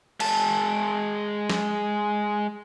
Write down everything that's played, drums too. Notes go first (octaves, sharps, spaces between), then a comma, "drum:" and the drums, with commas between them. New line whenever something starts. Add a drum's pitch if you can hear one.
G#3 A5, drum: cymbal
drum: snare